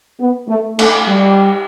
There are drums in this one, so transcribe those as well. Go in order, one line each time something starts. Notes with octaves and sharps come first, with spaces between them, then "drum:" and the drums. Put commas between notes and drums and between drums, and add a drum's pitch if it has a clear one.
B3
A3
A3, drum: cymbal
G3